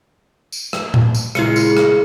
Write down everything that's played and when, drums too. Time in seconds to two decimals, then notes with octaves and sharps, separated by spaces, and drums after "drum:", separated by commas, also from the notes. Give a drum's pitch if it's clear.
0.52 drum: tambourine
0.73 drum: rim click
0.94 drum: tom A#2
1.15 drum: tambourine
1.35 A#2 C#3 G#3 E4 C#7, drum: rim click
1.56 drum: tambourine
1.77 drum: rim click